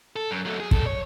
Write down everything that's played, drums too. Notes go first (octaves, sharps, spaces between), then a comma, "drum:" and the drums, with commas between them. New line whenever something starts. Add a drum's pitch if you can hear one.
A4
F#2
F#3 A3
G#4
G2 A4, drum: kick
C#5